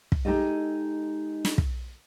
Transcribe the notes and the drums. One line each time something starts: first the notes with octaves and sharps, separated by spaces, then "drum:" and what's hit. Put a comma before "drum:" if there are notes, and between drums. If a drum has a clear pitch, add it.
drum: kick
G#3 D#4 G4 A4 D#5
drum: snare
drum: kick